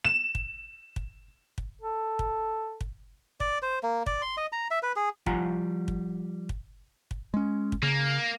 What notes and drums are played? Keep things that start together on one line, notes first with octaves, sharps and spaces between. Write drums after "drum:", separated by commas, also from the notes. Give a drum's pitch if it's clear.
E7
drum: kick
drum: kick
drum: kick
A4
drum: kick
drum: kick
D5, drum: kick
C5
A#3
D5, drum: kick
C6
D#5
A#5
E5
B4
G#4
F3 G3 F4 F#5 G#5 A#5, drum: kick
drum: kick
drum: kick
drum: kick
G#3 C#4
drum: kick
C#3 A#3